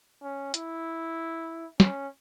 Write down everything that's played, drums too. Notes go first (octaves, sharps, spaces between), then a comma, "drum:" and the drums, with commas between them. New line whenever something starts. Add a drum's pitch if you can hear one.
C#4
E4, drum: hi-hat
C#4, drum: snare